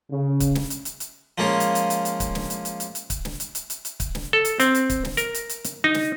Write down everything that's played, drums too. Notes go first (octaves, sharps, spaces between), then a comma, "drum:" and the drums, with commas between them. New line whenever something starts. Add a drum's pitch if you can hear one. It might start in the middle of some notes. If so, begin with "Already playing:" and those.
C#3
drum: kick, hi-hat
drum: snare
drum: hi-hat
drum: hi-hat
drum: hi-hat
F3 G#3 A#3 C#4 F4
drum: hi-hat
drum: hi-hat
drum: hi-hat
drum: hi-hat
drum: kick, hi-hat
drum: snare
drum: hi-hat
drum: hi-hat
drum: hi-hat
drum: hi-hat
drum: kick, hi-hat
drum: snare
drum: hi-hat
drum: hi-hat
drum: hi-hat
drum: hi-hat
drum: kick, hi-hat
drum: snare
A4
drum: hi-hat
C4, drum: hi-hat
drum: hi-hat
drum: kick, hi-hat
drum: snare
A#4, drum: hi-hat
drum: hi-hat
drum: hi-hat
drum: hi-hat
D#4
drum: snare